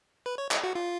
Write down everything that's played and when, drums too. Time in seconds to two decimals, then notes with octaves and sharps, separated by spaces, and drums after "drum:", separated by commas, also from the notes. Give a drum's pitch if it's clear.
0.26 B4
0.38 C#5
0.51 D#5, drum: clap
0.64 F#4
0.75 F4